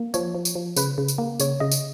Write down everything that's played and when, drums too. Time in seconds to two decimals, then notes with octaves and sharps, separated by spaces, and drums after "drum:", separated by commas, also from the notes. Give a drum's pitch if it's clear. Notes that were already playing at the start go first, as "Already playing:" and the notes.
Already playing: A#3
0.14 F3 C#5, drum: tambourine
0.35 F3
0.45 drum: tambourine
0.55 F3
0.76 C#3 B4, drum: tambourine
0.98 C#3
1.08 drum: tambourine
1.18 A#3
1.40 C#3 C#5, drum: tambourine
1.60 C#3 D#5
1.72 drum: tambourine